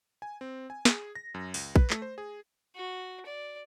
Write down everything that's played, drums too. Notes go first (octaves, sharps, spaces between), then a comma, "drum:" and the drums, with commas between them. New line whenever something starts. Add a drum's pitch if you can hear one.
G#5
C4
G#5
G#4, drum: snare
A#6
F#2
C#2, drum: open hi-hat
B4, drum: kick
A3, drum: clap
C5
G#4
F#4
D5